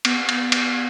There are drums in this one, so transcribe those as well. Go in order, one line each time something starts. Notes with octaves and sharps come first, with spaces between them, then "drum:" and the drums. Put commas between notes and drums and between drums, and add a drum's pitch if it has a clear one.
B3, drum: cymbal
drum: cymbal
drum: cymbal